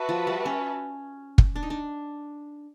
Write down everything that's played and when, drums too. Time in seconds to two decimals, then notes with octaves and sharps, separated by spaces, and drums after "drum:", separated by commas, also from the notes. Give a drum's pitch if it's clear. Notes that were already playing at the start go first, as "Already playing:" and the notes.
Already playing: F#4 B4 E5 A5
0.09 F3
0.27 G3
0.45 C#4
1.38 drum: kick
1.56 D4
1.63 D#4
1.70 D4